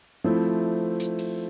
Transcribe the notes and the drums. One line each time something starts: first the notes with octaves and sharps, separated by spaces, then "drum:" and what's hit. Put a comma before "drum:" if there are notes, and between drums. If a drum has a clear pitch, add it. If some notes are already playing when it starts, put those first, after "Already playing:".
F3 A3 C4 E4
drum: hi-hat
drum: open hi-hat